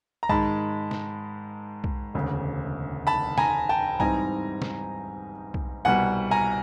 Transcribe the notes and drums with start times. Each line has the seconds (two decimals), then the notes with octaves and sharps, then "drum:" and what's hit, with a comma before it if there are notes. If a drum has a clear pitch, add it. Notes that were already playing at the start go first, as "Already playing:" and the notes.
0.23 A#5
0.29 G#2 D#3 G#3 A5 B5, drum: kick B1
0.91 drum: snare
1.84 drum: kick B1
2.14 E1 D2 C#3
3.07 A5 B5
3.38 G#5 A#5, drum: snare
3.69 G5 A5
4.00 G#2 E3 G3 C4 D#4 G#5 A#5, drum: kick B1
4.62 drum: snare
5.54 drum: kick B1
5.85 C2 B2 G3 F#5 G#5
6.31 G#5 A#5